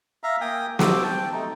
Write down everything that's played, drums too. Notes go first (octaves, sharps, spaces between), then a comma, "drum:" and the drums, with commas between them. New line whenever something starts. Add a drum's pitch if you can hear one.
E5 F5 A#5
A#3 G5 G#5 D#6
F#4 C5 D6 E6, drum: snare
G5 A5
A3 D#4